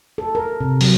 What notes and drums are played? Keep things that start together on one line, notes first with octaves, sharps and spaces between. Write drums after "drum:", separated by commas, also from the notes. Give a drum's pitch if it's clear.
A4
A#4
C3
F#3, drum: open hi-hat